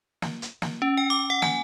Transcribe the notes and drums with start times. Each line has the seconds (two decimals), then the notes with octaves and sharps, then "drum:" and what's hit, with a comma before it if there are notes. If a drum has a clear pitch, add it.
0.22 drum: snare
0.42 drum: hi-hat
0.62 drum: snare
0.82 C#4
0.97 G5
1.10 D6
1.30 F#5
1.42 G#5, drum: snare